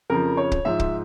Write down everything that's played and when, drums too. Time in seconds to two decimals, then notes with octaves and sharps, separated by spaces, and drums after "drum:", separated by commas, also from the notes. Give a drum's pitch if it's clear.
0.10 F2 C#3 F3 A#4
0.37 C#5
0.52 drum: kick
0.65 G#2 F3 E5
0.80 drum: kick